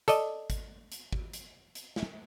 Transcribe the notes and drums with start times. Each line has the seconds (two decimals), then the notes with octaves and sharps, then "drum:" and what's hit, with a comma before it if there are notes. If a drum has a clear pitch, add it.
0.08 A4 D5 D#5, drum: hi-hat
0.50 drum: kick, hi-hat
0.92 drum: hi-hat
1.13 drum: kick
1.33 drum: hi-hat
1.75 drum: hi-hat
1.96 drum: snare